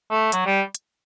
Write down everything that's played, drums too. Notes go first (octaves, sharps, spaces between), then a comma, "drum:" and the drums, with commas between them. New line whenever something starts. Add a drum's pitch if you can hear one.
A3
F#3, drum: hi-hat
G3
drum: hi-hat